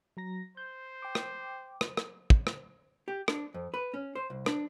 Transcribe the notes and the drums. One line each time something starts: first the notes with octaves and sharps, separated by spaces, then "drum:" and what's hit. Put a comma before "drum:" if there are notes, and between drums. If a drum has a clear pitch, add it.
F#3 A#5 A#6
C5 G6
G5 D6
drum: rim click
drum: rim click
drum: rim click
drum: kick
drum: rim click
G4
D4, drum: rim click
F2
B4
C#4
C5
C2
D4, drum: rim click